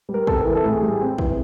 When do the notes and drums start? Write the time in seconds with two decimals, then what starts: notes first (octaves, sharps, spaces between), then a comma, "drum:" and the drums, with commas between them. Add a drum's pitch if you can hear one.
0.09 G3
0.14 A#4
0.27 C4 A4, drum: kick
0.41 E3 A#4
0.55 A4
0.64 A2 G#4
0.82 G3 G#4
1.01 C4
1.18 E3, drum: kick